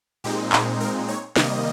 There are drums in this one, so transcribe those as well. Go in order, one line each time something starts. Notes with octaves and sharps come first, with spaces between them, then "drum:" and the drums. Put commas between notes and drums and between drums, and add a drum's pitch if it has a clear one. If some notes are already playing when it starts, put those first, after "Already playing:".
A#2 G#3 C4 D#4 G4
G#4, drum: clap
A#4
C#5
C3 D#3 G3 A#3 D#5, drum: snare